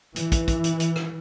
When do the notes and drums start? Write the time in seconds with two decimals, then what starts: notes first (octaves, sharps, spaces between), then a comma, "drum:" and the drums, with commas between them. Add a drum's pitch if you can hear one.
0.16 E3, drum: hi-hat
0.32 drum: kick, hi-hat
0.48 drum: kick, hi-hat
0.64 drum: hi-hat
0.80 drum: hi-hat
0.96 drum: rim click